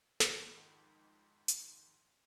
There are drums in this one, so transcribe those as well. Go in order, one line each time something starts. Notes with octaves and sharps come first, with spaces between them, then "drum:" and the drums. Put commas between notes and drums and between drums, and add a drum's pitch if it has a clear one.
F2 G#2 D#3 F#5, drum: snare
drum: hi-hat